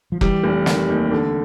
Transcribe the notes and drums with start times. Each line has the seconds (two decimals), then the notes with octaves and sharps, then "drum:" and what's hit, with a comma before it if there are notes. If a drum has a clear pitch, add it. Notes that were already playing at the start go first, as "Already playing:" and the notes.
0.12 F3
0.21 E3 G3, drum: kick
0.44 F1
0.66 D#3, drum: snare
0.89 D#2
1.11 D3